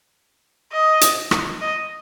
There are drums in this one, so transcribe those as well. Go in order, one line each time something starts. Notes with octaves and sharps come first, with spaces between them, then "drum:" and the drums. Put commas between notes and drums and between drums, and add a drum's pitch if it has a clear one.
D#5
drum: hi-hat
drum: rim click
D#5